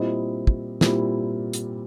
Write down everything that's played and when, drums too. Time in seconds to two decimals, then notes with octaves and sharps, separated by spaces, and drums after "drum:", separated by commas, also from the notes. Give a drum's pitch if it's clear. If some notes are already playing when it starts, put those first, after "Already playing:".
Already playing: A#2 G3 C4 E4 D#5
0.47 drum: kick
0.81 A#2 G3 C4 E4, drum: snare
1.53 drum: hi-hat